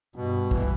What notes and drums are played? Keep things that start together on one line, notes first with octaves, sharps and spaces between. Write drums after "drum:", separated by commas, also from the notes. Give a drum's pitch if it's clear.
G2 B2
E3, drum: kick